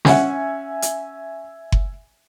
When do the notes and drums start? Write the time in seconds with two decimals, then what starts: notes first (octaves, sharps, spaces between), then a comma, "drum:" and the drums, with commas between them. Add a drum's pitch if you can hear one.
0.05 C#4 E5 F#5 G#5, drum: snare
0.82 drum: hi-hat
1.72 drum: kick F#1